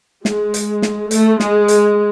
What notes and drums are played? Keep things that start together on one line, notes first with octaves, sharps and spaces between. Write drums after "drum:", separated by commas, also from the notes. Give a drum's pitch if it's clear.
G#3, drum: snare
drum: hi-hat
drum: snare
A3, drum: hi-hat
G#3, drum: snare
drum: hi-hat